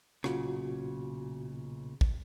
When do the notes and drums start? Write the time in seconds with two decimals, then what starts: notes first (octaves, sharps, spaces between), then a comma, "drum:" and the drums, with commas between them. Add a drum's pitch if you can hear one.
0.24 B1 A#2 C#3 F4 F#4, drum: rim click
2.01 drum: kick